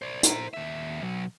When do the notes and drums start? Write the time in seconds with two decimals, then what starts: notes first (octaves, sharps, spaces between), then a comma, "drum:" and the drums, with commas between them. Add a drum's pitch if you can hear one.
0.02 C5 D5
0.23 C5 A#5, drum: hi-hat
0.54 D#2 E5
1.02 B2 F#3